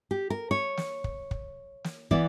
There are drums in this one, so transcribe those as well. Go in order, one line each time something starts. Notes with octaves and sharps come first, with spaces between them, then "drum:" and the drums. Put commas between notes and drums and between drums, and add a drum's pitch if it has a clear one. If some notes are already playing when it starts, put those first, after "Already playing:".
G4
A#4
C#5
drum: snare
drum: kick
drum: kick
drum: snare
E3 B3 D5, drum: kick